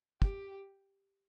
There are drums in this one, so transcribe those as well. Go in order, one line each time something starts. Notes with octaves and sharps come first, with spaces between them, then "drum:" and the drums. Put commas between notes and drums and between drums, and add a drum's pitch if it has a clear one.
G4, drum: kick